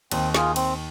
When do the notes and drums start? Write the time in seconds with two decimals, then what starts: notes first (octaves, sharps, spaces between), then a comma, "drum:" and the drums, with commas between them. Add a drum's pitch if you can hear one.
0.11 D#2 D#3 C4, drum: cymbal
0.34 F4 G#4, drum: snare
0.56 C4, drum: cymbal